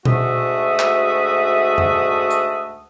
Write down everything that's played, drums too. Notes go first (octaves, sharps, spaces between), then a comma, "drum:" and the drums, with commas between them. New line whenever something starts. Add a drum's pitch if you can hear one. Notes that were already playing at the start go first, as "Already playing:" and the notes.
D2 G#2 A3 F#4 E5 D#6, drum: tom A#2
drum: clap
drum: tom F2
drum: hi-hat